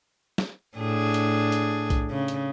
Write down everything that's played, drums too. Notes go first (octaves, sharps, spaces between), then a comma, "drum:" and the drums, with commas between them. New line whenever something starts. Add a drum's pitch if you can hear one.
drum: snare
A2 D4 G#4
drum: hi-hat
drum: hi-hat
drum: kick B1, hi-hat
C#3
drum: hi-hat